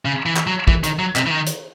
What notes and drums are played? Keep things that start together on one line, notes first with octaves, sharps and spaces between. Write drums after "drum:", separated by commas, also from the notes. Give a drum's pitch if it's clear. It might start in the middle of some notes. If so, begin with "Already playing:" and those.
C#3
E3
drum: clap
F#3
E3, drum: kick A1
D#3, drum: hi-hat
F#3
C3, drum: clap
E3
D#3
drum: hi-hat